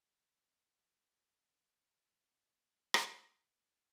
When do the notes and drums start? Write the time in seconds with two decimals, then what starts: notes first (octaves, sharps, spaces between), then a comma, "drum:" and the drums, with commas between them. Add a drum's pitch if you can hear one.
0.79 C#4
0.91 D4
1.02 F#4
1.12 G4
1.23 C5
2.11 C#5
2.94 drum: rim click
3.09 D#5
3.20 E5
3.31 D#5
3.42 D#5
3.64 E5